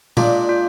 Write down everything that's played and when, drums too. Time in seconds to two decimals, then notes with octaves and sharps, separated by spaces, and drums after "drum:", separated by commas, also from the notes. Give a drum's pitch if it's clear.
0.17 A#2 G#3 D4 F4, drum: tom A#2
0.49 F4